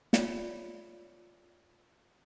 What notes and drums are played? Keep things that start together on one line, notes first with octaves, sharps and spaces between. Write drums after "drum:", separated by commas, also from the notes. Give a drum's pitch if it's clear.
F4 C#5 D5 E5, drum: snare